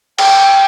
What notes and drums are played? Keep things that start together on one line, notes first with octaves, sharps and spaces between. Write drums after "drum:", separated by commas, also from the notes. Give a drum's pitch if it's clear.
G5, drum: cymbal